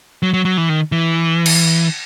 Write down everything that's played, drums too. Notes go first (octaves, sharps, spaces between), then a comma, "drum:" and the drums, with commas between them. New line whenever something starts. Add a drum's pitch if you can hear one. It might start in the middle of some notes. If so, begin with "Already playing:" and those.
F#3
F#3
F#3
E3
D#3
E3
drum: cymbal